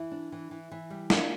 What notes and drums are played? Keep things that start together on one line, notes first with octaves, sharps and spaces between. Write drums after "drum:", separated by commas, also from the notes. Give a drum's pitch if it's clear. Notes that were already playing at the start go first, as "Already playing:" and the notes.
Already playing: E3 E4
D4
E3
E3
E3
G3
A#3 D4 F4, drum: snare